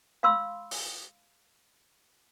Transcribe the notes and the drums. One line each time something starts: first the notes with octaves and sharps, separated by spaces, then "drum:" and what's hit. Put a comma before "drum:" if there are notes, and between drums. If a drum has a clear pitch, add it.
F5 B5 C6 E6
drum: open hi-hat